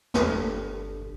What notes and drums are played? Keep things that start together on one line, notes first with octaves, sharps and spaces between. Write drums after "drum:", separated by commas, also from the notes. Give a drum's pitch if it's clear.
G1 E2 D4 G4 A4, drum: snare